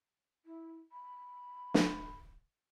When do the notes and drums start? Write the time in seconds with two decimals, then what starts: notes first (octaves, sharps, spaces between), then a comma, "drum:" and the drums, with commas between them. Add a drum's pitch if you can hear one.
0.45 E4
0.92 B5
1.74 drum: snare